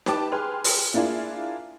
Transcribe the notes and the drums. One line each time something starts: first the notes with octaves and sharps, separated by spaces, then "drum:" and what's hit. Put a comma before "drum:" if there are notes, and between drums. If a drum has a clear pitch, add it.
G4 B4 G5 A5 D6, drum: snare D#4
G#4 B4 G5 C6 F6
drum: open hi-hat
A#3 D4 E4 F4 G#4